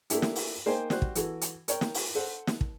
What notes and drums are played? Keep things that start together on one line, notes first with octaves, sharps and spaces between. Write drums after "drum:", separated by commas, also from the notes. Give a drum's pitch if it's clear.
A3 A#3 D4 E4 G4, drum: hi-hat
drum: snare
drum: open hi-hat
A#3 D#4 C5 G5 G#5
G3 F#4 C5 F#6, drum: snare
drum: kick
E3 F#4 A4, drum: hi-hat
drum: hi-hat
A#4 C#5 G5, drum: hi-hat
drum: snare
drum: open hi-hat
A4 C5 F#5
drum: snare
drum: kick